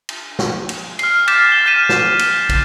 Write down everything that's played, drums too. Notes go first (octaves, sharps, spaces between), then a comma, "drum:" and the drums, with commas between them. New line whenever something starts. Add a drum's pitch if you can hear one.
drum: cymbal
drum: snare
drum: cymbal
F6 C7, drum: cymbal
D6 F6 G6 A6 B6 E7, drum: cymbal
G7
F6 G6 B6 D#7 E7
drum: snare
drum: cymbal
drum: kick, cymbal